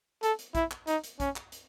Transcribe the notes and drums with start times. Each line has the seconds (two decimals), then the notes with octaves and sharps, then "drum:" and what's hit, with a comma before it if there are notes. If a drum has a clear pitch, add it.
0.23 A4, drum: hi-hat
0.39 drum: hi-hat
0.55 E4, drum: kick A#1, hi-hat
0.71 drum: clap
0.87 D#4, drum: hi-hat
1.04 drum: hi-hat
1.20 C#4, drum: kick A#1, hi-hat
1.36 drum: clap
1.52 drum: hi-hat